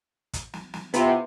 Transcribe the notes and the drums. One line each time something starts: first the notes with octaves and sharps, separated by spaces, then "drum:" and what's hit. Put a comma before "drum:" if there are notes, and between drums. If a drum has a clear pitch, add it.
drum: kick, hi-hat
drum: snare
drum: snare
C3 B3 E4 F4, drum: hi-hat